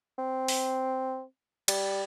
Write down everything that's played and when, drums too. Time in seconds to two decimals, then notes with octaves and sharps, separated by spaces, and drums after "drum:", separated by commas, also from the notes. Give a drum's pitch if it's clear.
0.18 C4
0.48 drum: open hi-hat
1.68 G3, drum: cymbal